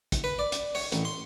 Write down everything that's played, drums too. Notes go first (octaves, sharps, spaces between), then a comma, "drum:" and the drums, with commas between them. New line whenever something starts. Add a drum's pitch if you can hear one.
drum: kick, hi-hat
B4
D5
drum: hi-hat
C#5, drum: open hi-hat
A1, drum: hi-hat
C6